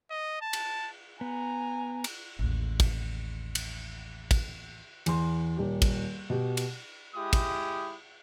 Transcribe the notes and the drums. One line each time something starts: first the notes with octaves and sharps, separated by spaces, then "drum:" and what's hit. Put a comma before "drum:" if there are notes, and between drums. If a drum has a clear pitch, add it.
D#5
A5
drum: cymbal
B3 G#5 A#5
drum: cymbal
A1 D#2
drum: kick, cymbal
drum: cymbal
drum: kick, cymbal
E2 C6, drum: cymbal
D#1 G4
drum: kick, cymbal
B2 G4
drum: cymbal
G#3 E4 G4 D#6
drum: kick, cymbal